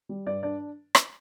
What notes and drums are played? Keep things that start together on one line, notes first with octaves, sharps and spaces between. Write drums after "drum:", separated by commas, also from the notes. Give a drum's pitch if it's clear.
G3
G2 D5
D4 D5
drum: rim click